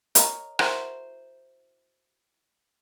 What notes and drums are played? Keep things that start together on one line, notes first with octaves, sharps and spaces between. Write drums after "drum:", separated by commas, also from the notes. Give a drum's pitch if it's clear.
A#4 C#5 D#5 A#5, drum: hi-hat
E4 F#4 A#4 C5, drum: rim click